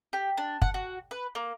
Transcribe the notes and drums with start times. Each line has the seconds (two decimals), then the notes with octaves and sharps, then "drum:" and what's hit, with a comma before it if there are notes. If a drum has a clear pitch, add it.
0.13 G4
0.37 D4
0.62 F#5, drum: kick F#1
0.74 F#4
1.11 B4
1.35 A#3